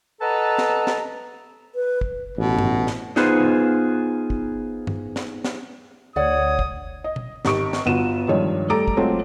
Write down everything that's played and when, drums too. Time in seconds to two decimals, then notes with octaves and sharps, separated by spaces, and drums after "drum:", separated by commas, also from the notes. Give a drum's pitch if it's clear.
0.21 A4 B4 D#5 F#5 A5 A#5
0.58 drum: snare
0.87 drum: snare
1.75 B4
2.01 drum: kick
2.38 A1 B2
2.59 drum: tom G2
2.87 drum: snare
3.16 B3 D#4 F4 G#4 B4 C5, drum: snare
4.30 drum: kick
4.87 drum: tom G2
5.16 drum: snare
5.45 drum: snare
6.16 D2 C#5 D5 F#5 D#6
6.59 drum: kick
7.04 D#5
7.16 drum: tom B2
7.45 G#1 G4 C#6 D7, drum: snare
7.73 drum: snare
7.86 G1 B3 F4 F#4 D#7 E7
8.28 G2 D#3 F3 G3 G#3 C#5
8.69 G3 A3 A4 A#5 D6 D7
8.88 drum: kick
8.97 F#3 G#3 A3 C4 F4 C#5